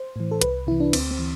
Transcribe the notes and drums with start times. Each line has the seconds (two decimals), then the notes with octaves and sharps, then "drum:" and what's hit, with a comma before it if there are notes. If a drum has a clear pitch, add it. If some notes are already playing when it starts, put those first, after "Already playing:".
Already playing: C5
0.16 A2 E3
0.31 A4
0.41 C2 B4, drum: hi-hat
0.67 C3 E3 E4
0.80 D4
0.93 D2 C4, drum: cymbal
1.11 C4
1.19 E3